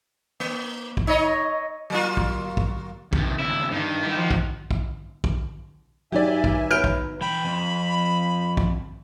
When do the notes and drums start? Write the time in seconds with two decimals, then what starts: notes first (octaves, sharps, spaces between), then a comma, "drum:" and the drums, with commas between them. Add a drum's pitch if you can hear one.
0.40 A#3
0.97 drum: kick A#1
1.07 D#4 C#5 D#5
1.90 F#3 A#3 F4
2.17 drum: kick A#1
2.57 drum: kick A#1
3.13 C3 D#3, drum: kick A#1
3.39 D#2 C#3 E4
3.72 G2 D#3
4.02 E4 G4
4.17 F3 F#4
4.31 drum: kick A#1
4.71 drum: kick A#1
5.24 drum: kick A#1
6.12 G2 F#3 D#4 G4 D5 E5 G#5
6.44 drum: kick A#1
6.71 F#3 B4 F6 G6 D7
6.84 drum: kick A#1
7.21 E3 G5 B5
7.45 F2
8.57 drum: kick A#1